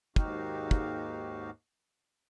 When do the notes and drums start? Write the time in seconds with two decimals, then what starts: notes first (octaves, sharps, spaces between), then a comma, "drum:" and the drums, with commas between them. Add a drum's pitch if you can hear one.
0.16 D#2 G#2 D#4 F#4 G4 F5, drum: kick
0.71 drum: kick